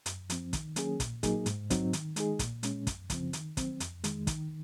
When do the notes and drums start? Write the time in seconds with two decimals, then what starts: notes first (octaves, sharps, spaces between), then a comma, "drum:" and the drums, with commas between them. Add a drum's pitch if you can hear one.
0.06 F#2, drum: hi-hat
0.30 F3 C4, drum: hi-hat
0.53 D#3, drum: kick, hi-hat
0.76 F#3 A#3 C#4 G#4, drum: hi-hat
1.00 A#2, drum: kick, hi-hat
1.23 F#3 A#3 D#4 G#4, drum: kick, hi-hat
1.46 G#2, drum: hi-hat
1.70 F#3 C4 D#4, drum: kick, hi-hat
1.93 D#3, drum: hi-hat
2.16 G#3 D#4 G#4, drum: hi-hat
2.39 A#2, drum: kick, hi-hat
2.63 G#3 C#4, drum: hi-hat
2.87 F#2, drum: kick, hi-hat
3.10 C#3 F3 C4, drum: kick, hi-hat
3.33 D#3, drum: hi-hat
3.57 F#3 C4, drum: kick, hi-hat
3.80 F2, drum: hi-hat
4.04 D#3 G#3, drum: hi-hat
4.27 D#3, drum: kick, hi-hat